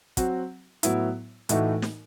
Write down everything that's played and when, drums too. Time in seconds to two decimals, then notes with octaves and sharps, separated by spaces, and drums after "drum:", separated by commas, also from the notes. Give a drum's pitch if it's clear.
0.17 F#3 C4 F#4, drum: kick, hi-hat
0.83 A2 F#3 B3 E4, drum: hi-hat
1.49 A2 E3 A3 D#4 F#4, drum: hi-hat
1.82 drum: snare